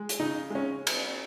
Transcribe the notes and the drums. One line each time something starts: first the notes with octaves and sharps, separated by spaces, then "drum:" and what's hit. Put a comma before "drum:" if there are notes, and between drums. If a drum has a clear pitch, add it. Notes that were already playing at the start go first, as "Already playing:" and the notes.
Already playing: G#3
drum: hi-hat
C#3 D#4
G#3 C#4
drum: cymbal